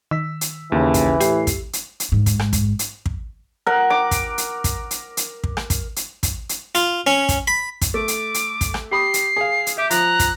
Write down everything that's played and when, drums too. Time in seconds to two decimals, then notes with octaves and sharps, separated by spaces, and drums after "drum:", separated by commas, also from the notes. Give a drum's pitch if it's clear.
0.11 D#3 E6 B6
0.41 drum: hi-hat
0.72 D#2 C#3 E3
0.94 drum: kick, hi-hat
1.20 A2 G4 C7, drum: hi-hat
1.47 drum: kick, hi-hat
1.73 drum: hi-hat
2.00 drum: hi-hat
2.12 G#2
2.26 drum: kick, hi-hat
2.39 drum: rim click
2.53 drum: kick, hi-hat
2.79 drum: hi-hat
3.06 drum: kick
3.66 A#4 F#5
3.90 D6
4.11 drum: kick, hi-hat
4.38 drum: hi-hat
4.64 drum: kick, hi-hat
4.91 drum: hi-hat
5.17 drum: hi-hat
5.44 drum: kick
5.57 drum: rim click
5.70 drum: kick, hi-hat
5.96 drum: hi-hat
6.23 drum: kick, hi-hat
6.49 drum: hi-hat
6.75 F4, drum: hi-hat
7.07 C#4
7.29 drum: kick, hi-hat
7.47 B5
7.81 drum: kick, hi-hat
7.94 A3 D6
8.08 drum: hi-hat
8.34 drum: hi-hat
8.61 drum: kick, hi-hat
8.74 drum: rim click
8.91 G4 B5 D#6 C7
9.14 drum: hi-hat
9.36 G#4 F5
9.67 drum: hi-hat
9.78 G4 E5 D6
9.90 F3 A#5 F#6, drum: hi-hat
10.19 drum: kick, hi-hat